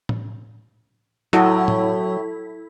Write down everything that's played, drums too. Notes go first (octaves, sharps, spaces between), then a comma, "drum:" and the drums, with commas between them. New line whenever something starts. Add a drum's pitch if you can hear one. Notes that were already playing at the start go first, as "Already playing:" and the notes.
drum: tom A2
A2 F#3 E4 F#4 A4 D#5, drum: hi-hat
drum: tom A2